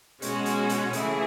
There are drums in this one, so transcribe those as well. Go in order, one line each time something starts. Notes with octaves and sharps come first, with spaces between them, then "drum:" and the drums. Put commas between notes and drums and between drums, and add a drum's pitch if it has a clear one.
B2 G#3 C#4 F#4, drum: hi-hat
drum: hi-hat
drum: hi-hat
C#3 E3 A3 E4 G#4, drum: hi-hat